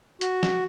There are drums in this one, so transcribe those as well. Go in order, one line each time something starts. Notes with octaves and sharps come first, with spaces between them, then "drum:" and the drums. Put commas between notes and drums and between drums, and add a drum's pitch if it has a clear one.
F#4, drum: hi-hat
drum: snare